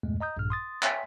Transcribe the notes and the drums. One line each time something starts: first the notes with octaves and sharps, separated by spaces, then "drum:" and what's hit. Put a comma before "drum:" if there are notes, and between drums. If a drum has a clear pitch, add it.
E2 G2 A#2 G#3 A3
D#5 A#5 D#6 G6
A#1 G2 A#2 F6
C6 D#6 A6
C#5 E5 G5 G#5 C6 B6, drum: clap